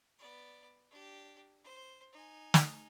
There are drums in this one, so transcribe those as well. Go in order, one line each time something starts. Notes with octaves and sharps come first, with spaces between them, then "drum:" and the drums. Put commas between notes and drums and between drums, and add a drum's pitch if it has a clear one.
B3 D5
D4 G4
C5
D#4 G#5
drum: snare